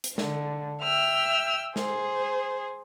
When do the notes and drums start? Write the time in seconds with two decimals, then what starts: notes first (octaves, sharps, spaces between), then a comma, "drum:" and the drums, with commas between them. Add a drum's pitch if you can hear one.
0.04 drum: hi-hat
0.18 D3, drum: snare
0.82 E5 G5 E6 F6
1.76 G#4 C5, drum: snare